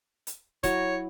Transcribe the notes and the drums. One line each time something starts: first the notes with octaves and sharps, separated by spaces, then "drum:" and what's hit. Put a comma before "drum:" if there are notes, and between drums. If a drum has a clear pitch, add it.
drum: hi-hat
F#3 E4 C#5, drum: kick, hi-hat